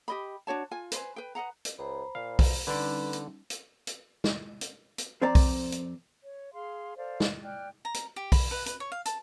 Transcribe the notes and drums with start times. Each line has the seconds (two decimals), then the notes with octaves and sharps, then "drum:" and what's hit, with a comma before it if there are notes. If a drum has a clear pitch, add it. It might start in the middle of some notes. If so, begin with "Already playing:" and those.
0.08 G4 D#5 B5
0.47 D4 F#4 C#5 A5
0.71 F4 G#5
0.92 B4 C5 G#5, drum: hi-hat
1.16 B4 G5
1.35 B4 D#5 F#5 A#5
1.65 drum: hi-hat
1.78 C#2 C5 A#5 B5
2.15 A#2 F5
2.39 drum: kick B1, open hi-hat
2.67 D3 G3 C#4 D#4 B4 D5
3.13 drum: hi-hat
3.50 drum: hi-hat
3.87 drum: hi-hat
4.24 drum: snare
4.61 drum: hi-hat
4.98 drum: hi-hat
5.22 F2 C4 C5 D5 A#5
5.35 drum: kick B1, open hi-hat
5.72 drum: hi-hat
6.23 C#5
6.53 G#4 F5 C6
6.97 A4 C5 D5 F5
7.20 drum: snare
7.45 D5 G5 F6 F#6
7.85 A#5
7.94 drum: hi-hat
8.16 G4
8.32 B5, drum: kick B1, open hi-hat
8.51 B4
8.66 B4, drum: hi-hat
8.80 C#5
8.92 F5
9.06 A5, drum: hi-hat